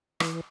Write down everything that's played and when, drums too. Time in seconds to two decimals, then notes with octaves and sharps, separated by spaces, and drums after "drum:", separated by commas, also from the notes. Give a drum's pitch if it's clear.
0.20 E3, drum: rim click